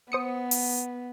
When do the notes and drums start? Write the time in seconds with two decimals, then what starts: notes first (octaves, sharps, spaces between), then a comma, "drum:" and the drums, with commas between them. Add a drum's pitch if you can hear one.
0.12 B3 C5 D#6 C#7
0.51 drum: open hi-hat